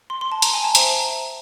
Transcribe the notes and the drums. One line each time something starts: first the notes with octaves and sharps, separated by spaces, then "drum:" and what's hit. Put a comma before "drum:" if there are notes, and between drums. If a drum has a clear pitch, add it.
C6
C6
A5
A#5, drum: hi-hat
G#5
A5
C5 E5 G5 A#5, drum: hi-hat